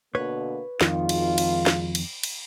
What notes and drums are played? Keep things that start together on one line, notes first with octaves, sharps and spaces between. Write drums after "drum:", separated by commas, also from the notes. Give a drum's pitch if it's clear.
B2 D3 A#3 B4 C#5
G#1 F2 D#3 F4, drum: snare
drum: cymbal
drum: cymbal
drum: snare
drum: cymbal
drum: cymbal